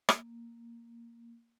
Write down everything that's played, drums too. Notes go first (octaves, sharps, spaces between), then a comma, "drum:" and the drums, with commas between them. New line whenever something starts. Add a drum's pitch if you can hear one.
A#3, drum: rim click